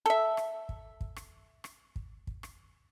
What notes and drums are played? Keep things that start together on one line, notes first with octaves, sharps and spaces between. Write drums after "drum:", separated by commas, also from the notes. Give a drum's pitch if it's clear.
A4 E5
drum: rim click
drum: kick
drum: kick
drum: rim click
drum: rim click
drum: kick
drum: kick
drum: rim click